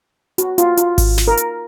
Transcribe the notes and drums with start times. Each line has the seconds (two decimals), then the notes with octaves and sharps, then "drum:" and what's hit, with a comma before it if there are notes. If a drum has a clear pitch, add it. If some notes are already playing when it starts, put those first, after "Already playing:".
0.38 F#4, drum: hi-hat
0.58 F4, drum: hi-hat
0.77 F4, drum: hi-hat
0.98 drum: kick G#1, open hi-hat
1.18 drum: snare
1.28 A#4
1.37 drum: hi-hat